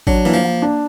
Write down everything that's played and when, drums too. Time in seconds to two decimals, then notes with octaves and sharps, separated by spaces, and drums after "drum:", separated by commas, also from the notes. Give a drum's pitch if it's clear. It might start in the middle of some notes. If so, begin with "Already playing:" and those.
0.07 F#3 D4, drum: kick A1
0.25 E3 A#3
0.34 F3
0.44 A#3
0.62 D4